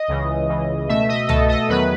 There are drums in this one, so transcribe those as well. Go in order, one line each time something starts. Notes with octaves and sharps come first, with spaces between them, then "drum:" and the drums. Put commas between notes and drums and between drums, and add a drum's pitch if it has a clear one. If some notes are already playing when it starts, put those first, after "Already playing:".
Already playing: D#5
C#2 C#3 E3
C#2 C#3 E3
B2 A3 E5
D#5
B2 A3 A4, drum: tom
D#5
E2 D#3 F#3 B3 B4